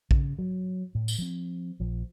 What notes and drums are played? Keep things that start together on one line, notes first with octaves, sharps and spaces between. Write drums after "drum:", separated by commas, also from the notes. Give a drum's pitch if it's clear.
C#3, drum: kick A#1
F#3
A2
drum: tambourine
F3 C4
A#1 F3